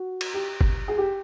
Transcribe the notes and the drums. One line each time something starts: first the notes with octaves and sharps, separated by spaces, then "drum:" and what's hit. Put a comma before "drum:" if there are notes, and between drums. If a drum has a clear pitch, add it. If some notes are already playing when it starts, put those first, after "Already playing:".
Already playing: F#4
drum: cymbal
G4
drum: kick
G#4
G4